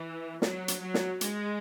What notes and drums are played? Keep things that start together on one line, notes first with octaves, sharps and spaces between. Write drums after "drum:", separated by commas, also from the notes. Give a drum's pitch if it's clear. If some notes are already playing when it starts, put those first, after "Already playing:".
Already playing: E3
F#3, drum: snare
drum: hi-hat
F#3
drum: snare
G#3, drum: hi-hat